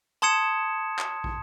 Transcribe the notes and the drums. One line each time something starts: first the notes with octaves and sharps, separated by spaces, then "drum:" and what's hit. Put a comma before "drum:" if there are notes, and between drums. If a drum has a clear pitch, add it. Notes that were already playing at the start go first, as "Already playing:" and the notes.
A5 C6 D#6 G#6 C#7 E7
drum: clap
drum: kick